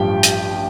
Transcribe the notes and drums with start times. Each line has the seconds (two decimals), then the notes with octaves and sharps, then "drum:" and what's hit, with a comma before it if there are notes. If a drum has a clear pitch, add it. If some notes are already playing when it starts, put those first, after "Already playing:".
Already playing: A1 G2 F3 G4 G5
0.23 drum: hi-hat